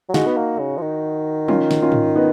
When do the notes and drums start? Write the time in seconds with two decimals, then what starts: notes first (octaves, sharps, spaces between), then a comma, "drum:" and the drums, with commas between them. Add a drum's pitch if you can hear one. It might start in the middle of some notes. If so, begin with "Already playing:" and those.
0.09 F#3
0.14 G#3 D#4 F#4, drum: snare
0.27 B3
0.37 A#3
0.59 C#3
0.77 F3
0.82 D#3
1.48 C#4 F4, drum: tom F3
1.71 drum: snare
1.82 C#4 F4
1.92 drum: tom
2.16 B3 D#4